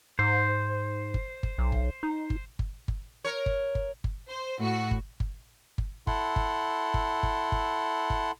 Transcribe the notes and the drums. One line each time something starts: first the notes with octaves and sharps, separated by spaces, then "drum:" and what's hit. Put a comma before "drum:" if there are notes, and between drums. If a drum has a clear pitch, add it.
G#2 C5
drum: kick G1
drum: kick G1
B1
drum: kick G1
D#4
drum: kick G1
drum: kick G1
drum: kick G1
A#4 C#5
drum: kick G1
drum: kick G1
drum: kick G1
C5
A2 F#4
drum: kick G1
drum: kick G1
drum: kick G1
E4 A4 F#5 C6, drum: kick G1
drum: kick G1
drum: kick G1
drum: kick G1
drum: kick G1
drum: kick G1